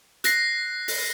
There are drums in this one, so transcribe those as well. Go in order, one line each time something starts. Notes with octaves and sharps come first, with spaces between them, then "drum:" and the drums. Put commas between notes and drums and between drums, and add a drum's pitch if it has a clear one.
F#6 A#6 C7, drum: hi-hat
drum: open hi-hat